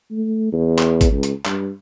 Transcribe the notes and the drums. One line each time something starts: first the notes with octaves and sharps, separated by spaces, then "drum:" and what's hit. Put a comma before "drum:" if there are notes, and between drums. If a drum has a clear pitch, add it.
A3
E2
drum: clap
drum: kick G#1, hi-hat
C#2
drum: hi-hat
G2, drum: clap